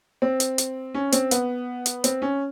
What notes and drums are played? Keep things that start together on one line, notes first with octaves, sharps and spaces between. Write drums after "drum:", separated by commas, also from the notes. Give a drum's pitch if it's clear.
C4
drum: hi-hat
drum: hi-hat
C#4
C4, drum: hi-hat
B3, drum: hi-hat
drum: hi-hat
C4, drum: hi-hat
C#4